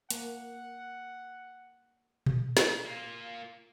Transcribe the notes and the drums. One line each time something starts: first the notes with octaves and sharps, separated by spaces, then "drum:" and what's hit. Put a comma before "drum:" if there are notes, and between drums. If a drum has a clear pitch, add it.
A#3 F#5, drum: hi-hat
drum: tom A#2
drum: snare
A#3 F4